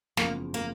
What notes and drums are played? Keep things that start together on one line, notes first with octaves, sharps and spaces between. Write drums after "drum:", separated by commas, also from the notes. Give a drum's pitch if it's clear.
F#1 E2 C#3 F3 A#3, drum: snare
A#3